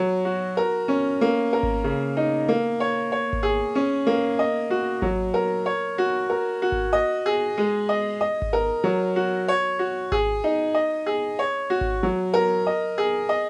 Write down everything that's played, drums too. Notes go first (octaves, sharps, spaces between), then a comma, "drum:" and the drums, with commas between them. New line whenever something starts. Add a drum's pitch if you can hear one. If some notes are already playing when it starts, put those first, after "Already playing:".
Already playing: F#3
F#4
A#4
C#4
A#3
A#4
drum: kick G#1
C#3
D#4
A#3
C#5
C#5
drum: kick G#1
G#4
C#4
A#3
D#5
F#4
F#3, drum: kick G#1
A#4
C#5
F#4
A#4
F#4
drum: kick G#1
D#5
G#4
G#3
D#5
D#5
drum: kick G#1
A#4
F#3
F#4
C#5
F#4
G#4, drum: kick G#1
D#4
D#5
G#4
C#5
F#4
drum: kick G#1
F#3
A#4
D#5
G#4
D#5